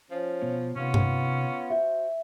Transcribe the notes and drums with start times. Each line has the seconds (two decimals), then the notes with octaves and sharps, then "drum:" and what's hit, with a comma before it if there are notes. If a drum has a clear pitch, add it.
0.11 F3 C#4
0.42 B2 B3 C#5
0.76 C3 D#3 B3 C#4 F4
0.94 drum: tom G2
1.70 F#4 C5 E5